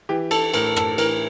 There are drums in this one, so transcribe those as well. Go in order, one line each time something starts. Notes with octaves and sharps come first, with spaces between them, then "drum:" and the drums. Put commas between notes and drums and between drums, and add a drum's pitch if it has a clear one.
E3 G4
A4, drum: cymbal
A2 A#4, drum: cymbal
A4, drum: rim click
E3 A#4, drum: cymbal